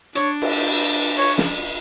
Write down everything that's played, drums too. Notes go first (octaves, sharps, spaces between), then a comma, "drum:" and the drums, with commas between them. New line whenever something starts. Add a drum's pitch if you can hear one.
D4 C#5, drum: hi-hat
drum: cymbal
C#5
drum: snare